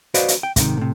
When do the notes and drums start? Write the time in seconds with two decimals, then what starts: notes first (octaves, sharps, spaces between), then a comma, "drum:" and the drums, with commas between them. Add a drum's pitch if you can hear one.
0.14 F#4 B4 C5 D5 D#5 F5, drum: hi-hat
0.28 drum: hi-hat
0.43 G5
0.56 G#2 C3 D#3, drum: kick, hi-hat
0.77 A2 C3